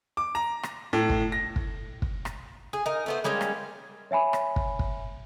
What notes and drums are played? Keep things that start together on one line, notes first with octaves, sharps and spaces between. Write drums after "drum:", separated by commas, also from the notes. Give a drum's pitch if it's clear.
D6
A#5
drum: rim click
A2
drum: kick
A#6
drum: kick
drum: kick
drum: rim click
G#4
D#4 A#4
A3 B3 C5
G3 G#3 A#3 C#4
drum: rim click
C#5 E5 G#5 B5
drum: rim click
drum: kick
drum: kick